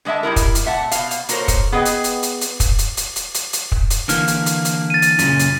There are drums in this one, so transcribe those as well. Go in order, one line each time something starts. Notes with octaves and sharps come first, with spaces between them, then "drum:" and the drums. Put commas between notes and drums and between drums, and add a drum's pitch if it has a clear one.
D3 G#3 C#5 E5 A5
G3 G#3 E4 A#4
drum: kick, hi-hat
drum: hi-hat
A#2 E5 F#5 A5
B2 F5, drum: hi-hat
drum: hi-hat
A#3 F#4 A4 A#4 C5 C#5, drum: hi-hat
drum: kick, hi-hat
B3 G#4 B4 D#5 G5
drum: hi-hat
drum: hi-hat
drum: hi-hat
drum: hi-hat
drum: kick, hi-hat
drum: hi-hat
drum: hi-hat
drum: hi-hat
drum: hi-hat
drum: hi-hat
drum: kick
drum: hi-hat
D3 E3 A#3 F6, drum: hi-hat
drum: hi-hat
drum: hi-hat
drum: hi-hat
A6 D#7
drum: hi-hat
F#2 A#2 C#3, drum: hi-hat
drum: hi-hat